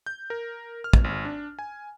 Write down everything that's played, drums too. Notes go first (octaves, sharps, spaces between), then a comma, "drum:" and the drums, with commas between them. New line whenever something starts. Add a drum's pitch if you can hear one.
G6
A#4
F6
drum: kick
G#1
D4
G#5